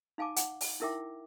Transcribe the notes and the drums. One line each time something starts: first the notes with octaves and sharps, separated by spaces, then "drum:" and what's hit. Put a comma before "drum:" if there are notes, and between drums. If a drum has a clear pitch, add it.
D#4 F5 G#5 A5 D6
F#5, drum: hi-hat
drum: open hi-hat
D#4 E4 A#4 E5 G5 D6